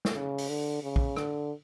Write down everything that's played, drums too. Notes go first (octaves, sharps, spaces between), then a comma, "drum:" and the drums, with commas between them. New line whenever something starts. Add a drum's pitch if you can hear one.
drum: snare
C#3
drum: open hi-hat
D3
C#3
drum: kick
D3, drum: rim click